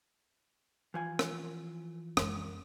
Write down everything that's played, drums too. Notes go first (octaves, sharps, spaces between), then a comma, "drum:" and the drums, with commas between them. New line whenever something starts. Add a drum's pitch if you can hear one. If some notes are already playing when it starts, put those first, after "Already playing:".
E3 F3 G#5
drum: rim click
F#2 G#3, drum: rim click